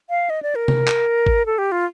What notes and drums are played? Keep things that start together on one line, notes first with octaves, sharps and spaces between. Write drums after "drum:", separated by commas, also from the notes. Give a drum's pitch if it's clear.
F5
D#5
D5
A#4
drum: tom C3
drum: clap
drum: kick G#1
A4
G4
F4